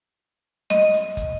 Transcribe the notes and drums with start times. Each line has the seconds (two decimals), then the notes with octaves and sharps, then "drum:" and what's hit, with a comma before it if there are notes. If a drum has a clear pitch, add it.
0.70 D#5, drum: snare
0.94 drum: hi-hat
1.17 drum: kick, hi-hat